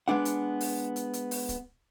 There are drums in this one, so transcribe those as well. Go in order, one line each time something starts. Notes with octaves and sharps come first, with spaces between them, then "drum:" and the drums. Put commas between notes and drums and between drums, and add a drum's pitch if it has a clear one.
G#3 B3 D4 F#5
drum: hi-hat
drum: open hi-hat
drum: hi-hat
drum: hi-hat
drum: open hi-hat
drum: kick, hi-hat